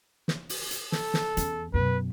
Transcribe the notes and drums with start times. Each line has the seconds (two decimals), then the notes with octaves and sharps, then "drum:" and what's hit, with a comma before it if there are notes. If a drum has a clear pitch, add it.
0.28 drum: snare
0.49 drum: open hi-hat
0.71 drum: hi-hat
0.92 A4, drum: snare
1.14 drum: snare
1.37 E2 C#4, drum: hi-hat
1.74 F#2 B2 B4